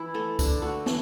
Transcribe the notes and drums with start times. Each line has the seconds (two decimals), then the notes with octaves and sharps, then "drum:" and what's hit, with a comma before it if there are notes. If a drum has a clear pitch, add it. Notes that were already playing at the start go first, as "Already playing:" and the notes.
Already playing: E3 E4
0.14 A3 A4
0.39 D3 D4, drum: kick C#2, tambourine
0.62 A3 F#4
0.86 E3 A4, drum: snare